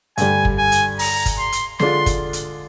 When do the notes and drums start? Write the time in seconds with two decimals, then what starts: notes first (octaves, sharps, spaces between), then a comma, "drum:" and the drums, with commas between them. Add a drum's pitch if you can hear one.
0.18 G2 D3 G3 G#5, drum: hi-hat
0.45 drum: kick
0.58 G#5
0.72 drum: hi-hat
0.99 A#5, drum: open hi-hat
1.26 drum: kick, hi-hat
1.38 C6
1.52 drum: hi-hat
1.79 D3 G#3 D4 F4 C6, drum: snare
2.06 drum: kick, hi-hat
2.33 drum: hi-hat